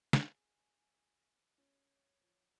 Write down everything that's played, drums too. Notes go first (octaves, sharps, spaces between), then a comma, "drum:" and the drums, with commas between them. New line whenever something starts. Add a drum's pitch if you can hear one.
drum: snare
G#4 G#5
C#4 C#5
F3